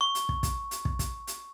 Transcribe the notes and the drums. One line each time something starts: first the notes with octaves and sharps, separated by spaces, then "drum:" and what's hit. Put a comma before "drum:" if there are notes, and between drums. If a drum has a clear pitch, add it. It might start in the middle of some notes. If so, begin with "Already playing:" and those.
C#6
drum: hi-hat
drum: kick
drum: kick, hi-hat
drum: hi-hat
drum: kick
drum: kick, hi-hat
drum: hi-hat